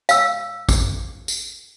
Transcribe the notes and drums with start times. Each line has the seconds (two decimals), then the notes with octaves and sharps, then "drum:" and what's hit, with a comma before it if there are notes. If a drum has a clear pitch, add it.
0.09 F5 E6, drum: tambourine
0.69 drum: kick, tambourine
1.28 drum: tambourine